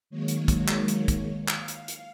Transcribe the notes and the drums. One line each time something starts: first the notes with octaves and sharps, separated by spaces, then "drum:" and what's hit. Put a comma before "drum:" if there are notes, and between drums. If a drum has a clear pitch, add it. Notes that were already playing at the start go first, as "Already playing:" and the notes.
D#3 F#3 G#3 A#3 C#5
drum: hi-hat
drum: kick, hi-hat
drum: clap
drum: hi-hat
drum: kick, hi-hat
F5, drum: clap
drum: hi-hat
drum: hi-hat